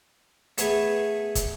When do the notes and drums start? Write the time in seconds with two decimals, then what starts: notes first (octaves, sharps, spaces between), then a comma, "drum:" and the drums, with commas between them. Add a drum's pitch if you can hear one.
0.58 A3 B3 G#4, drum: hi-hat
1.35 drum: kick, hi-hat